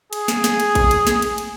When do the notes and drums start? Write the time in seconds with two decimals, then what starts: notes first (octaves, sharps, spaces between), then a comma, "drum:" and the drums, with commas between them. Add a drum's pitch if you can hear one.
0.13 G#4, drum: cymbal
0.28 drum: snare
0.44 drum: snare
0.60 drum: cymbal
0.75 drum: kick A1, cymbal
0.91 drum: cymbal
1.07 drum: snare
1.22 drum: cymbal
1.38 drum: cymbal